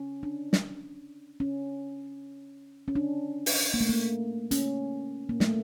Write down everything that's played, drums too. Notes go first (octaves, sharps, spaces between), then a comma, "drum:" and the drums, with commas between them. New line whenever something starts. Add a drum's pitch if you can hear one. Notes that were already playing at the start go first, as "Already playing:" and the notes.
Already playing: C#4
D4
drum: snare
C#4
C#4
D4
drum: open hi-hat
A#3
A3
A#3
C#4, drum: hi-hat
A#3
A3, drum: snare